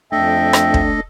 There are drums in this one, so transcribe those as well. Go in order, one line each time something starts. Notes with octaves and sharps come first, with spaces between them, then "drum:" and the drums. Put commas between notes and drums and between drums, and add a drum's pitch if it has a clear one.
F2 A3 D4 A4 D#5 E5 G5
drum: rim click
drum: kick